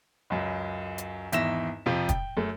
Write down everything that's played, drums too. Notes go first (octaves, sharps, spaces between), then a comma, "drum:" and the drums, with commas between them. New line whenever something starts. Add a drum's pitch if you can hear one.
C#2 F#2
drum: hi-hat
G#1 E2 E5 A#6 E7, drum: hi-hat
F2 C3 F3
G5, drum: kick, hi-hat
F#2 A3